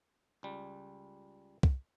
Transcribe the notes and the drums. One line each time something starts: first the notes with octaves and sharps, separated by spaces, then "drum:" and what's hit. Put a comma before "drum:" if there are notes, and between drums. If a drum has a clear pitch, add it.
C#2 G3
drum: kick